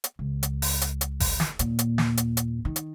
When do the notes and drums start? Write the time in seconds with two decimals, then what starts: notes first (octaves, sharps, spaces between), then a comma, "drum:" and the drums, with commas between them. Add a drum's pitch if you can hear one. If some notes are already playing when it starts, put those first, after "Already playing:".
0.04 drum: hi-hat
0.19 C#2
0.43 drum: hi-hat
0.62 drum: open hi-hat
0.81 drum: hi-hat
1.01 drum: hi-hat
1.20 drum: kick G1, open hi-hat
1.40 drum: snare
1.59 D#2 A#2, drum: hi-hat
1.79 drum: hi-hat
1.98 drum: snare
2.17 drum: hi-hat
2.37 drum: hi-hat
2.65 D#3
2.76 drum: hi-hat